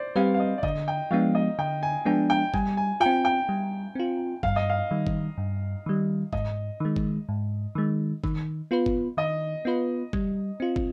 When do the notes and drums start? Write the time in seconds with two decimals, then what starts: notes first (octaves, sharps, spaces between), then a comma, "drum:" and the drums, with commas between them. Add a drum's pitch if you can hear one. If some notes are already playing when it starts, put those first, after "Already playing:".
Already playing: C5 D5
0.16 G3 C4 G4 B4 F5
0.34 F5
0.40 D#5
0.58 D5
0.63 D3 D#5, drum: kick
0.88 G5
1.11 F3 G#3 B3 D4 F5
1.35 D#5
1.59 D3 G5
1.83 G#5
2.05 F3 G#3 B3 D4 G5
2.30 G5
2.54 G3 G#5, drum: kick
2.77 G#5
3.00 F4 G5
3.06 C4
3.25 G5
3.49 G3
3.95 C4 F4
4.43 G2 F5, drum: kick
4.56 D#5
4.70 F5
4.91 D#3 G3
5.07 drum: kick
5.38 G2
5.86 D#3 G3
6.33 G#2 D#5, drum: kick
6.80 D#3 G#3
6.96 drum: kick
7.29 G#2
7.75 D#3 G#3
8.24 D#3, drum: kick
8.71 B3 F4 B4
8.86 drum: kick
9.17 D#3 D#5
9.65 B3 F4 B4
10.13 G3, drum: kick
10.60 C4 F4
10.76 drum: kick